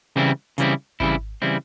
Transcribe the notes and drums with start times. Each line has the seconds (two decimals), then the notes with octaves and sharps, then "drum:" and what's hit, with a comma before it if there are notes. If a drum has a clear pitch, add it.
0.16 C#3 E3 G3 C4 E4
0.58 C#3 E3 G3 C4 E4, drum: hi-hat
1.00 C#3 E3 G3 C4 E4, drum: kick G#1
1.42 C#3 E3 G3 C4 E4